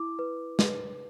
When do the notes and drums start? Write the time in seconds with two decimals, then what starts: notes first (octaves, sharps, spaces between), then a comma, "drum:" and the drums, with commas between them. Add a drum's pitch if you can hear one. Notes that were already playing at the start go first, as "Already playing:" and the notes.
Already playing: E4 D6
0.19 B4
0.59 B4, drum: snare